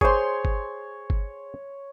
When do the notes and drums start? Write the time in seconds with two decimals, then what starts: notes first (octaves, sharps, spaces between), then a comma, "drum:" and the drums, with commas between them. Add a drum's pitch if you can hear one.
0.01 G#4 C5 C#5 C6, drum: kick G1
0.45 drum: kick G1
1.10 drum: kick G1